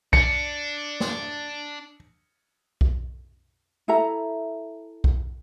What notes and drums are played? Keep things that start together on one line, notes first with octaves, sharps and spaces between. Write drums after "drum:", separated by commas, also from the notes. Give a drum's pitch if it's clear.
D4 C#7, drum: kick B1
drum: snare
drum: kick B1
E4 A4 E5 A#5
drum: kick B1